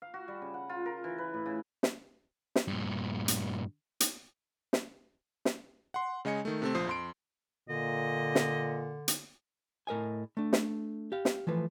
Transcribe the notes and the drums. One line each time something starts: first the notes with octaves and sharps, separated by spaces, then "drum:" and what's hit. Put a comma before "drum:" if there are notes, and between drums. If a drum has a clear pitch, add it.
F5
F#4
G3
C#3
F#5
F4
A#4
E3
B4
A2
C#3
drum: snare
drum: snare
G2 A#2
drum: hi-hat
drum: hi-hat
drum: snare
drum: snare
F#5 C6
C#3 G#3 D#5 G#5 C#7
D#3 A3
C3 A3 C4
A#1 F3 C5 D#6 C7
F2 C6 D7
A#2 D3 D#5
drum: snare
drum: hi-hat
A2 A#4 D#5 G#5
A3 D4
drum: snare
G4 F5
drum: snare
E3 F3 A3 B4